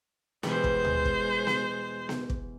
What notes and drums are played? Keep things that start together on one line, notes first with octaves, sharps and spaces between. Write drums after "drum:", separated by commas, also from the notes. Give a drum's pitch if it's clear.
E2 B2 G3 G#3 C5, drum: snare B3
drum: kick
drum: tom D2
drum: kick
drum: snare B3
drum: snare B3
drum: kick